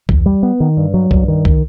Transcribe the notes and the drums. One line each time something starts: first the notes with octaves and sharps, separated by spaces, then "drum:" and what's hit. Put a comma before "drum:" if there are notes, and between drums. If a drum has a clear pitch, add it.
E2, drum: kick C2
G3
B3
D#3
G2
F#3
G2, drum: kick C2
D#3
drum: kick C2